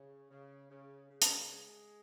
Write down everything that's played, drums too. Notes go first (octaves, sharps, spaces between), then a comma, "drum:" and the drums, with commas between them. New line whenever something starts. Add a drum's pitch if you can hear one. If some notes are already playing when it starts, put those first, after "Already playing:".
Already playing: C#3
C#3
C#3
C#3
drum: hi-hat
G#3